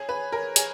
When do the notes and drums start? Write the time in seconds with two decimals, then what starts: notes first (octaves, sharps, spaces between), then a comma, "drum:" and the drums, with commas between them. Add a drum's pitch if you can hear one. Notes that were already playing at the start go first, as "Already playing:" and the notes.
Already playing: G#4 C#5
0.09 B4
0.32 A#4
0.56 G#4, drum: hi-hat